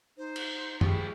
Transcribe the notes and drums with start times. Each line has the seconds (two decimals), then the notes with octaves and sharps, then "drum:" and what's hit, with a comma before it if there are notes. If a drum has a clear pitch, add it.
0.18 D#4 C5
0.36 drum: cymbal
0.81 F3 G#3 E4 G4 C#6, drum: tom F#2